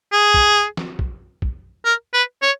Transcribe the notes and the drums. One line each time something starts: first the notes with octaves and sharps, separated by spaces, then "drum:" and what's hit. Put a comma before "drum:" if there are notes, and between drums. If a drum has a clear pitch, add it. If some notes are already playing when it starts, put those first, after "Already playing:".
G#4
drum: kick
drum: snare
drum: kick
drum: kick
A#4
B4
C#5